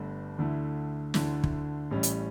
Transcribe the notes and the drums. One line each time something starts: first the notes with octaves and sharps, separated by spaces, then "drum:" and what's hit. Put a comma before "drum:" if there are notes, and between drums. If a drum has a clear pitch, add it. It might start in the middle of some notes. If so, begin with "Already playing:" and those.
Already playing: G1 G2 D3 A3
D2 D3 A3 E4
D2 D3 A3 E4, drum: snare
drum: kick
A1 A2 G3 C#4
drum: hi-hat